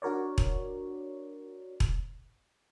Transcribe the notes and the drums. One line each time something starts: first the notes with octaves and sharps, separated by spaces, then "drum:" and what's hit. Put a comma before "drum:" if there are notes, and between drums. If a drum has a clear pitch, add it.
D4 F#4 A#4 C#5 D5
drum: kick E1
drum: kick E1